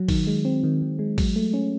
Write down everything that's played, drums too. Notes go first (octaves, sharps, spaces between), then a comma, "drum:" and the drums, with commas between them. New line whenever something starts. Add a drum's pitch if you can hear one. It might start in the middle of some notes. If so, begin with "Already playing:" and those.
Already playing: F#3
D#3, drum: kick, open hi-hat
G#3
C4
D#3
D#3
G#3
F#3, drum: kick, open hi-hat
A3
C#4